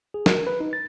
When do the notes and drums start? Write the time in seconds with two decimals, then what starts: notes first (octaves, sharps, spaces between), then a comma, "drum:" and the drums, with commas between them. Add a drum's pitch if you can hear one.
0.14 G#4
0.26 A#4, drum: snare
0.47 B4
0.60 D#4
0.73 A6